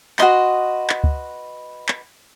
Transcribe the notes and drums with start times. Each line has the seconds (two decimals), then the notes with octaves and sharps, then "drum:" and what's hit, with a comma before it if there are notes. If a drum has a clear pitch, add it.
0.19 F#4 B4 D#5 C6, drum: clap
0.90 drum: clap
1.04 drum: kick
1.88 drum: clap